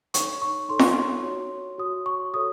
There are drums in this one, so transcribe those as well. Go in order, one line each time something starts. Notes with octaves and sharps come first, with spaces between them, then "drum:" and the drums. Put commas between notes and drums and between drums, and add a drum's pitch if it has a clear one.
D#4 A4 C#5 C#6, drum: hi-hat
C#6
D#4 A4 C#5 C6
C#6, drum: snare
C6
F#4 C#5
F#4 C#5 D#6
C#6
F#4 A4 C#5 D#6